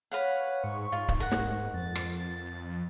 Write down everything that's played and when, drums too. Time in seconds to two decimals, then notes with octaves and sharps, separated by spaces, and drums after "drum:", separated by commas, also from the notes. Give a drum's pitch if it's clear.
0.12 B4 C#5 F5 F#5
0.64 G#2 C#6
0.92 G#2 F4
1.08 drum: kick C#1
1.20 A#4 F#5
1.31 drum: snare
1.74 F2 A6
1.95 drum: rim click